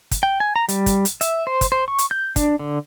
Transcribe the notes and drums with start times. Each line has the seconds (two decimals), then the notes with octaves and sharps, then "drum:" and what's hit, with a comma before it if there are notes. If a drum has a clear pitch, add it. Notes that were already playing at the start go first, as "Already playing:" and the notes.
0.11 drum: kick, hi-hat
0.23 G5
0.40 G#5
0.56 A#5
0.69 G3, drum: hi-hat
0.86 drum: kick, hi-hat
1.05 drum: hi-hat
1.21 E5, drum: hi-hat
1.47 C5
1.61 drum: kick, hi-hat
1.72 C5
1.88 C#6
1.98 drum: hi-hat
2.11 G6
2.36 D4, drum: kick, hi-hat
2.59 D3